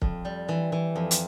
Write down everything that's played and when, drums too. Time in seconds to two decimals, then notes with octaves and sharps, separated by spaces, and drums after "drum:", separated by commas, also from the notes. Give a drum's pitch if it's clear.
0.02 F2, drum: kick
0.25 G3
0.49 E3
0.72 E3
0.96 F2
1.11 drum: hi-hat